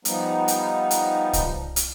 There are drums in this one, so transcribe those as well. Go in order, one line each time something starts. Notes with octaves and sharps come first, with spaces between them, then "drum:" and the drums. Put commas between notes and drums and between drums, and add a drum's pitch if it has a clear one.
F3 G3 B3 D#4, drum: hi-hat
drum: hi-hat
drum: hi-hat
drum: kick C2, hi-hat
drum: hi-hat